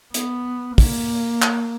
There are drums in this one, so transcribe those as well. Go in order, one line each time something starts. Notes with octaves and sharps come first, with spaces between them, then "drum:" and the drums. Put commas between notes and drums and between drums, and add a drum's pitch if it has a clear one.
B3, drum: hi-hat
A#3, drum: kick, open hi-hat
drum: clap